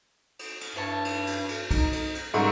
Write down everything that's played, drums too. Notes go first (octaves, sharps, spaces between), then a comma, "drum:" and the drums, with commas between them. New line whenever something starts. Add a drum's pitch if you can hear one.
drum: cymbal
drum: cymbal
G2 E4 C#5 A5
drum: cymbal
drum: cymbal
drum: cymbal
D#4, drum: kick, cymbal
drum: cymbal
drum: cymbal
G#2 C#3 G3 A#4 E5 C#6, drum: cymbal